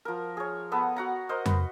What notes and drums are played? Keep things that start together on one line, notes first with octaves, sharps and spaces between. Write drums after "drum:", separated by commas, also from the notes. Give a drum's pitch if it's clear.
F3 A#4
G#4 C#5
B3 A4 B4 D#6
F#4 F#5 A#5
A#4 C5 D#5
B4, drum: tom F2